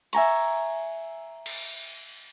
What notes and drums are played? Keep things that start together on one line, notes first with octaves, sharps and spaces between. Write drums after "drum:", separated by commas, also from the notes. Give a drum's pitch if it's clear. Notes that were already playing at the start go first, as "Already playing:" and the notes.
E5 G#5 A#5 C#6, drum: cymbal
drum: cymbal